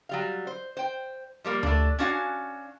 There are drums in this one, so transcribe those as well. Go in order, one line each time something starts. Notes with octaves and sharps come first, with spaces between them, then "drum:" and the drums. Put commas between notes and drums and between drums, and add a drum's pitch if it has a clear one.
F#3 G3 F5
C5
C5 G5
F3 G3 A#3
A3 D4, drum: tom D2
C#4 D4 F#4 F5 G#5